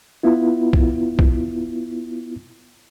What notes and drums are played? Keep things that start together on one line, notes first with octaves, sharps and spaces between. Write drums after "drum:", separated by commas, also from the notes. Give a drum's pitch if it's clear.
B3 E4 F4
drum: kick B1
drum: kick B1